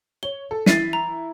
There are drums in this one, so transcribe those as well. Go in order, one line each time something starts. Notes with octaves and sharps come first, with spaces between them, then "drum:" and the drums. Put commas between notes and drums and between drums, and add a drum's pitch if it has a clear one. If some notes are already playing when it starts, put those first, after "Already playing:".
C#5 G7
A4
E3 E4 A6 B6 C7 D#7, drum: snare
A#5